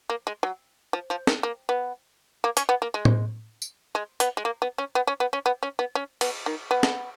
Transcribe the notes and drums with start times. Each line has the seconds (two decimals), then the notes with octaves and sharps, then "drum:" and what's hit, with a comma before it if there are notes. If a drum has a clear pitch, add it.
0.10 A#3
0.27 G#3
0.43 F#3
0.93 F3
1.10 F3
1.27 D#3, drum: snare
1.43 A#3
1.69 B3
2.44 A#3
2.57 C#4, drum: hi-hat
2.69 B3
2.82 A#3
2.94 G#3
3.05 drum: tom A2
3.62 drum: tambourine
3.95 G#3
4.20 B3, drum: hi-hat
4.37 G#3
4.45 A#3
4.62 B3
4.78 C#4
4.95 B3
5.07 C#4
5.20 B3
5.33 C#4
5.46 B3
5.63 C#4
5.79 B3
5.95 C#4
6.21 B3, drum: cymbal
6.46 D#3
6.71 B3
6.83 drum: snare